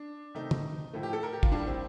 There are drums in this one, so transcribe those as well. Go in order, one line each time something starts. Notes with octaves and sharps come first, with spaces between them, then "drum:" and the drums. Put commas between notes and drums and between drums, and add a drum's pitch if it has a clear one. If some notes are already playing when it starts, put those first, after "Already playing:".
Already playing: D4
C3 D#3 A3 D#4
drum: tom
A2 F3 A3
G4
A4
A#4
G4
F4, drum: kick
A2 G3 D4
C4